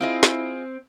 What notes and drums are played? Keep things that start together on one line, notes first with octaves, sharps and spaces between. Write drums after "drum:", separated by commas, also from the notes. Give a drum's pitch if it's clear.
C4 E4 F4 G#4 D#5
drum: snare